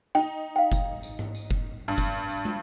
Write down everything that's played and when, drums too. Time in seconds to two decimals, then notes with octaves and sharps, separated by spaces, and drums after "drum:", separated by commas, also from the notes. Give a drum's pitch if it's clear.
0.15 D#4 G5
0.56 F5 G5
0.72 drum: kick F1, tambourine
1.03 drum: tambourine
1.19 drum: tom G#2
1.35 drum: tambourine
1.51 drum: kick F1
1.88 G2
1.98 drum: kick F1, tambourine
2.29 drum: tambourine
2.45 drum: tom